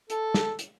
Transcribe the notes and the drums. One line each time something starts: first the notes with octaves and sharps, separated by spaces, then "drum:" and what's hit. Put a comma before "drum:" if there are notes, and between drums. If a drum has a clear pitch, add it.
A4, drum: hi-hat
drum: snare
drum: hi-hat